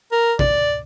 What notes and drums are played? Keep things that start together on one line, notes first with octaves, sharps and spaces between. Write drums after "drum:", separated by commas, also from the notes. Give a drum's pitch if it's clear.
A#4
D5, drum: kick